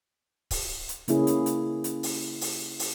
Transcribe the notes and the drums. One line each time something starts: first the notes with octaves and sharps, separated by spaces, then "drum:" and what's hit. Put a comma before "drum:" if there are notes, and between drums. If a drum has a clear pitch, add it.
drum: kick C#1, open hi-hat
drum: hi-hat
C#3 A#3 C#4 E4 G#4, drum: hi-hat
drum: hi-hat
drum: hi-hat
drum: hi-hat
drum: open hi-hat
drum: open hi-hat
drum: open hi-hat